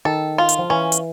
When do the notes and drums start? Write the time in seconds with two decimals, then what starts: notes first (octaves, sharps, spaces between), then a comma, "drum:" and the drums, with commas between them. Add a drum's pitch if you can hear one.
0.05 D#3 A4
0.38 F4
0.49 drum: hi-hat
0.59 F3
0.70 E3 C#4
0.92 drum: hi-hat